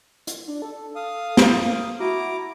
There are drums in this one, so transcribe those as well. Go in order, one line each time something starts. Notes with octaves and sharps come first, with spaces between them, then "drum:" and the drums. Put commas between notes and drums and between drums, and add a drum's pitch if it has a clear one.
drum: hi-hat
D4
A4
F5 D#6
A#3, drum: snare
E4 F#4 A#5 D6